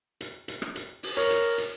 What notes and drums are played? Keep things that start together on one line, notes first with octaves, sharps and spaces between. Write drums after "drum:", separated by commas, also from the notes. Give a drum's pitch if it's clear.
drum: hi-hat
drum: hi-hat
drum: rim click
drum: hi-hat
drum: open hi-hat
A#4 C#5, drum: hi-hat
drum: hi-hat
drum: hi-hat